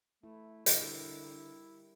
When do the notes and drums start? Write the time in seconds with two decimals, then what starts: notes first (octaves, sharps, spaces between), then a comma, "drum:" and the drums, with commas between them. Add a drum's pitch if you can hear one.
0.23 A3 E4
0.66 D3 G3 E4 G4 A#4, drum: hi-hat